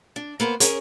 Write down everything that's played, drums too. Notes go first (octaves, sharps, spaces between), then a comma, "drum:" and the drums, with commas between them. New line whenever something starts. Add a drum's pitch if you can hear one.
D4
A#3 B3 B4 C5
C#4 G#4 A#4 C#5, drum: hi-hat